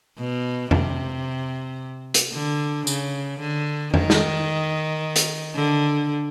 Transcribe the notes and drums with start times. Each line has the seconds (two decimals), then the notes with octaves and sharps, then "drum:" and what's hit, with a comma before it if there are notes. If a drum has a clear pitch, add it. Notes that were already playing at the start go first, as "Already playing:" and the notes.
0.18 B2
0.71 C3, drum: tom F2
2.14 drum: hi-hat
2.33 D3
2.87 C#3, drum: tambourine
3.40 D3
3.94 D#3, drum: tom F2
4.10 drum: snare
5.16 drum: hi-hat
5.55 D3